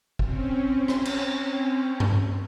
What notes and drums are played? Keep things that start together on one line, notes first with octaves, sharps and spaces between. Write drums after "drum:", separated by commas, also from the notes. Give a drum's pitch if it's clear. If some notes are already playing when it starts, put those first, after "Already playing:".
C4 C#4, drum: kick G#1
drum: rim click
drum: cymbal
drum: tom G2